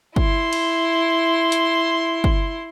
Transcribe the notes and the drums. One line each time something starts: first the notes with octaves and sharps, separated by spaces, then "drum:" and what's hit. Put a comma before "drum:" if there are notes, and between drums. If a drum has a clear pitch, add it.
E4 C6, drum: kick
drum: cymbal
drum: hi-hat
drum: kick